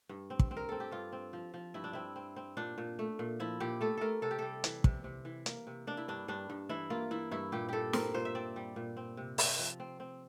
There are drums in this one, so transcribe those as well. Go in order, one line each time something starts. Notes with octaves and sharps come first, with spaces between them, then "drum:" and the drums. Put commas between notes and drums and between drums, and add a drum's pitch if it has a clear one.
G2
C4
drum: kick
C4
A#4
C4 A4
G4
G2 F4
C4
F3
F3
G2 E4
D4
C4 E4
C4
C4
A#2 D4
A#2
A3
A#2
F3 E4
A#2 G4
A3 A4
A3 A4 A#4
C3 A4
G4
G3 A4
E3, drum: hi-hat
C3, drum: kick
C3
E3
A#3, drum: hi-hat
C3
A#3 D4
E4
G2 D4
G2 D4
G2
E3 E4
A#3 F4
E3 E4
G2 E4
A#2 G4
A#2 G4 A4
C4 A#4, drum: snare
A#2 C5
E5
C4 D5
G3
A#2
C4
C3
C4, drum: open hi-hat
F3
C4
C4